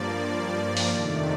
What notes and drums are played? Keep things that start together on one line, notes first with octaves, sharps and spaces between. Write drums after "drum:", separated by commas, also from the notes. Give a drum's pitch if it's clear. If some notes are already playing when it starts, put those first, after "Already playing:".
Already playing: G2 F3 A#3 D5
D5
drum: open hi-hat
F2 C3 D#3 A3 D5